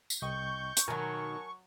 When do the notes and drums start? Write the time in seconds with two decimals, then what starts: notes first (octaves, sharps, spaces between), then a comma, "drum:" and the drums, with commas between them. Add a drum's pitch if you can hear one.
0.10 drum: tambourine
0.22 C2 D#5 G5 C#6 G6
0.77 drum: hi-hat
0.88 B2 D#3 F#3 A#4 G#5 A5